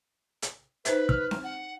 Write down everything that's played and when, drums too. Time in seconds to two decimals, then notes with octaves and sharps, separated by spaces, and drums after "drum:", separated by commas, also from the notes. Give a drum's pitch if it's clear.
0.42 drum: hi-hat
0.85 D#4 B4 C5 E5, drum: hi-hat
1.09 F6, drum: kick
1.31 drum: snare C4
1.44 F#5